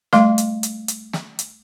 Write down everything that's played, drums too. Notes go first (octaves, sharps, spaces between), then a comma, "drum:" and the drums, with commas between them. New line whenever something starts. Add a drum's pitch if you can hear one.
G3 A3 F5 C6, drum: snare
drum: hi-hat
drum: hi-hat
drum: hi-hat
drum: snare
drum: hi-hat